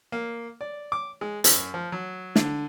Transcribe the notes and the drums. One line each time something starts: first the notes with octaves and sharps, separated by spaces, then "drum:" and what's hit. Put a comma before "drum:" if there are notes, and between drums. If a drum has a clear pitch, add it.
A#3
D5
D6
G#3
F#2, drum: hi-hat
F3
F#3
D3, drum: snare